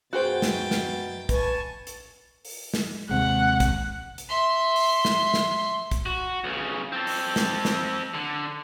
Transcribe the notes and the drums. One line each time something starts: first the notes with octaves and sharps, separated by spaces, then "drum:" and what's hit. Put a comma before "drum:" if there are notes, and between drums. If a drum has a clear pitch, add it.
F#2 B2 F#4 G#4 C5 G5 A6
drum: snare
drum: snare
B4 G#5 A5 C#6, drum: kick, hi-hat
drum: hi-hat
drum: open hi-hat
drum: snare
D#2 C3 G#3 F#5
drum: kick, hi-hat
drum: hi-hat
E5 C6
drum: open hi-hat
drum: snare
drum: snare
drum: kick, hi-hat
F#4
B1 C#3
C4 A4
drum: open hi-hat
drum: snare
drum: snare
D3